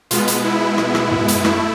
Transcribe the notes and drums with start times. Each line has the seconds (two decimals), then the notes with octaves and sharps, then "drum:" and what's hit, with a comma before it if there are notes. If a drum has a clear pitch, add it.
0.11 B2 G#3 B3 F4, drum: hi-hat
0.28 drum: hi-hat
0.44 E4
0.78 drum: rim click
0.95 drum: rim click
1.11 drum: tom
1.28 drum: hi-hat
1.45 A3 E4, drum: rim click